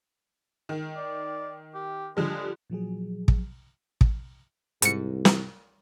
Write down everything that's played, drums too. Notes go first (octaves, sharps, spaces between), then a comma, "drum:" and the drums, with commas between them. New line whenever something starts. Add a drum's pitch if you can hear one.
D#3
D5
G4
D3 F3 G3 G#3
A#2 F3 F#3 G#4
drum: kick
drum: kick
C2 G#2 C#7, drum: hi-hat
drum: snare